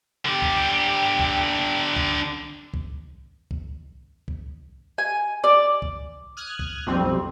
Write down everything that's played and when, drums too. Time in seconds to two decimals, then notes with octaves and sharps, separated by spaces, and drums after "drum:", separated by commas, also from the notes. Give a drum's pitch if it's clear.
0.25 D3 G4
0.42 drum: kick B1
1.19 drum: kick B1
1.96 drum: kick B1
2.74 drum: kick B1
3.51 drum: kick B1
4.28 drum: kick B1
4.98 G#5
5.44 D5
5.82 drum: kick B1
6.37 D#6 F6 F#6 G#6
6.59 drum: kick B1
6.87 B1 F2 G3 C4